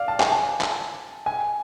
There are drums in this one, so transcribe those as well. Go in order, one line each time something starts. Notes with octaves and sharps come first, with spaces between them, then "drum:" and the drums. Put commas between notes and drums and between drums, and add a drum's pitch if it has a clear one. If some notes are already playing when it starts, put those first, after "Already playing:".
Already playing: D5 F5
A5
G#5, drum: clap
A5
drum: clap
G#5